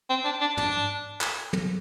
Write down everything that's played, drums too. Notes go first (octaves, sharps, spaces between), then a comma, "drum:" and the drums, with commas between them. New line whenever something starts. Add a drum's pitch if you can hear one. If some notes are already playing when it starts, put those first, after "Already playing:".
C4
D4
D4
D4, drum: tom
drum: clap
drum: tom